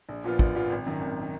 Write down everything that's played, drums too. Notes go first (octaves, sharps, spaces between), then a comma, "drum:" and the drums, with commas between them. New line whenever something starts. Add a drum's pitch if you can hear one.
A#1
A#2 F3 B3 F4
A#1, drum: kick
A#2 F3 B3 F4
G#1
F#2 D#3
G#1
D#3